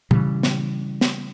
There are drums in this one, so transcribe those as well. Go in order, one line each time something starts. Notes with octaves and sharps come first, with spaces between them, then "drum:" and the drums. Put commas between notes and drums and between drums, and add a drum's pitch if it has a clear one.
C#3 E3 G3, drum: tom A#2
drum: snare
drum: snare